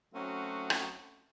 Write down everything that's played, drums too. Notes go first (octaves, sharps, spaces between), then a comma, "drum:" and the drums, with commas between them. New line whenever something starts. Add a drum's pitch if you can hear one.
F#3 A3 C4 C#4 D#4 F#4
drum: rim click